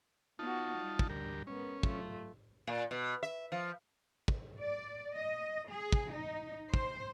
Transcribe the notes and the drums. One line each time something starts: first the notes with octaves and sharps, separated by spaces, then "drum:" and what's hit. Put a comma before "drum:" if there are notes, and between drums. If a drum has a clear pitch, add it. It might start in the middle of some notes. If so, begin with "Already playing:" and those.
B3 D#4 F4 F#4 A5
G3
drum: kick
D2 G4 A#4
G#3 B3 C#4 A#4
F#3 A3 F4, drum: kick
A#2
B2
E5
F3
drum: kick
D5
D#5
G#4
drum: kick
D#4
C5, drum: kick